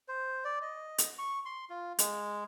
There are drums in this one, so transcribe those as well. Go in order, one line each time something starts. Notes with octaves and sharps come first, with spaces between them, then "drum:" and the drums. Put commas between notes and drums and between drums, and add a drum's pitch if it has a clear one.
C5
D5
D#5
drum: hi-hat
C#6
C6
F4
G#3, drum: hi-hat